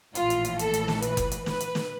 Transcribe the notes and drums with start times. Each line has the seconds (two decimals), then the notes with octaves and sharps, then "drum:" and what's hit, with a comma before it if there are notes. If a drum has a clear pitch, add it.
0.15 A#1 A2 E3 F4, drum: hi-hat
0.30 drum: hi-hat
0.45 drum: hi-hat
0.59 A4, drum: hi-hat
0.74 drum: hi-hat
0.88 drum: snare
1.02 B4, drum: hi-hat
1.17 drum: kick F#1, hi-hat
1.31 drum: hi-hat
1.46 B4, drum: snare
1.60 drum: hi-hat
1.75 drum: snare